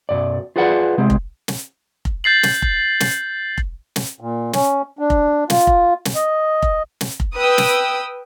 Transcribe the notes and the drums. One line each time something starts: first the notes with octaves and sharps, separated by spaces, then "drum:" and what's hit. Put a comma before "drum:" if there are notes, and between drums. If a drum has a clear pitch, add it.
B1 F#2 D5
F4 G#4 B4 D5 F#5
C3 G#3 C4
drum: kick F1
drum: snare
drum: kick F1
G6 A6 C7 F#7
drum: snare
drum: kick F1
drum: snare
drum: kick F1
drum: snare
A#2
C#4, drum: snare
D4
drum: kick F1
F4, drum: snare
drum: kick F1
drum: snare
D#5
drum: kick F1
drum: snare
drum: kick F1
B4 G5 D#6 E6
drum: snare